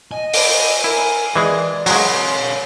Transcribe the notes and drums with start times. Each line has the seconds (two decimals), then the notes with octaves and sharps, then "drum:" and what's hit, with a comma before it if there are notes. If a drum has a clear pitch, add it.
0.11 D#5 G#5
0.33 drum: open hi-hat
0.84 E4 A#4
1.36 E3 G#3 G#4 D5
1.86 F#3 G#3 C#5 F5 C6, drum: open hi-hat